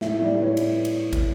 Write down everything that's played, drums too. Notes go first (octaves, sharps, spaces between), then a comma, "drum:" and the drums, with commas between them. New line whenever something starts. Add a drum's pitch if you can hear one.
A2 E5, drum: snare
G3 D5
B4
A2 C#5
drum: cymbal
drum: cymbal
drum: kick, cymbal